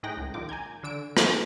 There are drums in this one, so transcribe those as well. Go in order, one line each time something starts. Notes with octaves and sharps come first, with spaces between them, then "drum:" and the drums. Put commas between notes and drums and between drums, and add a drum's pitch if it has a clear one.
A2 D#4 G#4 G5 F#6 A#6
C#2
A#1 D#3 F4 D6
G#5 A#5 G6 G#6
D3 D4 E6 D7
A#3 D#4 E4 G#4 A4, drum: rim click